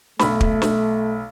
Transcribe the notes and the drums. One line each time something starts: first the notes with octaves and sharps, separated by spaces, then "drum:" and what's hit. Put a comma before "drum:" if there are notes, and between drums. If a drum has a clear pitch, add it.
B1 A3 B5, drum: snare
drum: kick
drum: snare